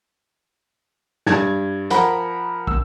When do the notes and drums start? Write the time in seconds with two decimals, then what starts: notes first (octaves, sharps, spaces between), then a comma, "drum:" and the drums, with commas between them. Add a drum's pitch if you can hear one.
1.26 G2 G#6 A6, drum: snare
1.90 F3 A#4 F#5 B5, drum: hi-hat
2.67 E6, drum: kick